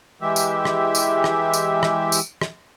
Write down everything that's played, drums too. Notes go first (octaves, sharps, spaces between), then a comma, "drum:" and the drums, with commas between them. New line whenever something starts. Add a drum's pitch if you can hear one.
E3 G#3 G4 E5
drum: tambourine
drum: rim click
drum: tambourine
drum: rim click
drum: tambourine
drum: rim click
drum: tambourine
drum: rim click